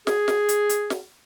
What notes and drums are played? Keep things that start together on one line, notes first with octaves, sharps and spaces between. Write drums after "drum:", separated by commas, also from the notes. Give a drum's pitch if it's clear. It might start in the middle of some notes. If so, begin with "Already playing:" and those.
G#4, drum: snare
drum: snare
drum: hi-hat
drum: hi-hat
drum: snare